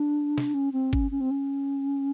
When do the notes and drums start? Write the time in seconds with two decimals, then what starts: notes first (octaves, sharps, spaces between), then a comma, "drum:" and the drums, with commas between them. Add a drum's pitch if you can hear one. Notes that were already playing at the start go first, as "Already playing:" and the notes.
Already playing: D4
0.38 drum: snare
0.54 C#4
0.73 C4
0.93 C#4, drum: kick G1
1.11 C#4
1.21 C4
1.31 C#4